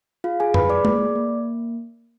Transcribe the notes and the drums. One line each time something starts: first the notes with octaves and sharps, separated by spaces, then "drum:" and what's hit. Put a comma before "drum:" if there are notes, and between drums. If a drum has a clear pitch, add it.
F4 G#4 F5
G#4 G#5
G#4 B4 B5, drum: tom F2
D5 D6
A#3, drum: tom G#3
A#3